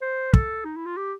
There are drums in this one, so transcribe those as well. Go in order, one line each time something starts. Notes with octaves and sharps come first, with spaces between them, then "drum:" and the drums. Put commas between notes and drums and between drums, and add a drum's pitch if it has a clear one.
C5
A4, drum: kick
D#4
E4
F4
G4